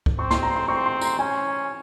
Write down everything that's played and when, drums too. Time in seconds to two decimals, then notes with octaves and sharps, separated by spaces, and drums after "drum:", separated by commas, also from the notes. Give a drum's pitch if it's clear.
0.06 drum: kick
0.18 C4 C#6
0.31 C6, drum: snare
0.43 A#5
0.56 C6
0.68 C4 C#6
0.86 C6
1.02 A#5, drum: tambourine
1.19 C#4 G#5